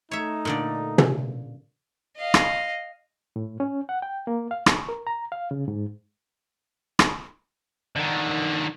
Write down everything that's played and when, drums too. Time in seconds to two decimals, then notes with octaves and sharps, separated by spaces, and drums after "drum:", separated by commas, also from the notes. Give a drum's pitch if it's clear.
0.11 A3 D#4 C#5 E5
0.45 A#2 D3 D5
0.98 drum: tom
2.16 D#5 F5
2.34 drum: rim click
3.36 A2
3.60 C#4
3.89 F#5
4.02 G5
4.27 A#3
4.51 F5
4.66 C#6, drum: rim click
4.89 A#4
5.07 A#5
5.32 F5
5.51 C#3
5.68 G#2
6.99 drum: rim click
7.96 D3 D#3